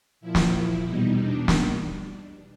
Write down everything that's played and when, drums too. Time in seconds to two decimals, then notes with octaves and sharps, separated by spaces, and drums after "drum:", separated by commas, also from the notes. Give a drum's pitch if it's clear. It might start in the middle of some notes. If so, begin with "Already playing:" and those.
0.21 A#2 F3 E4
0.35 drum: snare
0.53 E4
0.85 E2 B2 G3 D#4
1.18 D4
1.48 drum: snare